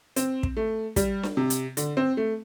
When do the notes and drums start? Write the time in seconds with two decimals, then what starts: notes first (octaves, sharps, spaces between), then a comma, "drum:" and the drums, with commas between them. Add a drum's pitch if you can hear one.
0.16 C4, drum: hi-hat
0.43 drum: kick
0.57 A3
0.96 G3, drum: kick, hi-hat
1.23 drum: snare D4
1.37 C3
1.50 drum: hi-hat
1.77 D3, drum: hi-hat
1.97 C4
2.17 A3